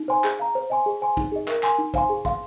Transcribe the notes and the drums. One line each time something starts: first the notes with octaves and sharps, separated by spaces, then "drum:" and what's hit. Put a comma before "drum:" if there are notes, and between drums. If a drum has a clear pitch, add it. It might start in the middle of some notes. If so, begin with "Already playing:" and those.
Already playing: D#4
C5 G#5 C6
G#4, drum: clap
F5 A#5
C5
D#5 G#5 C6
G#4
C5 G#5 C6
D#4, drum: kick
G#4 D#5
A#4, drum: clap
G#5 C6, drum: clap
D#4
C5 F5 G#5 C6, drum: kick
G#4
F5 C6, drum: kick